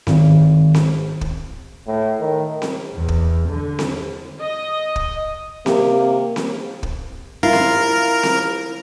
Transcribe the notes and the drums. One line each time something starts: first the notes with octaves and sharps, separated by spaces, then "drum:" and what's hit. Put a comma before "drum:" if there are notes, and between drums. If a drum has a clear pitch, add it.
G#1, drum: snare C4
drum: snare C4
drum: kick
A2
D#3
drum: snare C4
E2
drum: kick
D3
drum: snare C4
D#5
drum: kick
C3 A#3, drum: snare C4
drum: snare C4
drum: kick
E4 F4 A#4
drum: snare C4
drum: snare C4